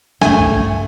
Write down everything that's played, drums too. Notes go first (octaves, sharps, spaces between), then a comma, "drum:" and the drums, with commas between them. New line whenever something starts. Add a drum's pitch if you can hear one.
G2 C#3 A3 G#5, drum: snare
drum: kick A#1